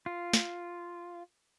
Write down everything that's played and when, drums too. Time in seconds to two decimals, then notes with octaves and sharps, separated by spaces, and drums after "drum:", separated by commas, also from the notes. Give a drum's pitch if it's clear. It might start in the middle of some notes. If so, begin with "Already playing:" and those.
0.06 F4
0.33 drum: snare